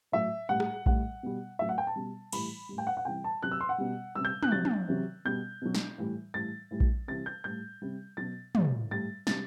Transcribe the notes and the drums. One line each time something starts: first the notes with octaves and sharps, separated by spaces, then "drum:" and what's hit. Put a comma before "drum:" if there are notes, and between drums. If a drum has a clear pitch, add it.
A2 F#3 E5
A2 G3 F#5
drum: rim click
A2 G3 F#5, drum: kick A#1
B2 G3
A2 F#3 E5
F#5
G5
A5
B2 G3
A2 E3 G3 B5, drum: cymbal
A2 G3
G5
F#5
F#5
C3 E3 G3 G5
A5
C3 F#3 F#6
E6
C6
F#5
B2 G3
C3 G3 E6
G6
F#6, drum: tom
C3 F#3 A6
drum: tom
C3 F#3
B2 G3 G6
B2 F#3
drum: snare
A2 E3 G3
A2 E3 G3 A6
A2 E3 G3
drum: kick A#1
C3 E3 G3 A6
G6
A2 G3 G6
C3 G3
B2 F#3 A6
A2 G3, drum: tom
A2 G3 A6
C3 G3 A6, drum: snare